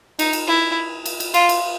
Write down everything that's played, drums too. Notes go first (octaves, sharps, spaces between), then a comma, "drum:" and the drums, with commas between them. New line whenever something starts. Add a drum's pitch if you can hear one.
D#4, drum: cymbal
drum: cymbal
E4
drum: cymbal
drum: cymbal
F4, drum: cymbal
drum: cymbal